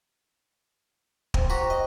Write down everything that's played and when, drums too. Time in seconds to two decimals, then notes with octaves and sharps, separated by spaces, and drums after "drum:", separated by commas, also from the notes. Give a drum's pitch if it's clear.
1.34 C4, drum: kick
1.50 F#4 G4 A#5
1.70 D#5